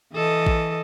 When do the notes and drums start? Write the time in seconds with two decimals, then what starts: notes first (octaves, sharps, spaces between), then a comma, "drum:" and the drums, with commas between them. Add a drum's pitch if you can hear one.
0.13 E3 A4 D#5
0.47 drum: kick A1